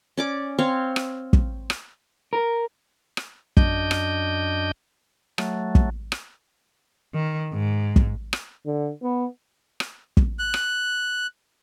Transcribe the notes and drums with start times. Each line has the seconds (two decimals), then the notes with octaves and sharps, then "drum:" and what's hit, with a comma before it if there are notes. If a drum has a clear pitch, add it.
0.17 C#4 D5 D6
0.58 C4 C#5 F5
0.96 drum: rim click
1.33 drum: kick
1.70 drum: rim click
2.33 A#4
3.17 drum: rim click
3.57 F#2 D4 D#5 G6, drum: kick
3.91 drum: rim click
5.38 F#3 A3, drum: rim click
5.75 drum: kick
6.12 drum: rim click
7.14 D#3
7.53 G#2
7.96 drum: kick
8.33 drum: rim click
8.66 D3
9.03 B3
9.80 drum: rim click
10.17 drum: kick
10.39 F#6
10.54 drum: rim click